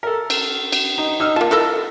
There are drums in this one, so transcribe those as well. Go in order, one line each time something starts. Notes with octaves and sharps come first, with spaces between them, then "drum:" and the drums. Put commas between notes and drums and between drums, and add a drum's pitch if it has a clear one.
A4 A#4
drum: cymbal
drum: cymbal
D#4
D#4 E6 F6
A#3 F4 A5
E4 A4 A#4